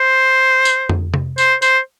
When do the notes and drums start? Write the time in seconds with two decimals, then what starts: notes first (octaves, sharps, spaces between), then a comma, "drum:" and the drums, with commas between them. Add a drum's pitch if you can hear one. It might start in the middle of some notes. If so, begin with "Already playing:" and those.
Already playing: C5
0.65 drum: tambourine
0.89 drum: tom F2
1.14 drum: tom C3
1.38 C5, drum: tambourine
1.62 C5, drum: tambourine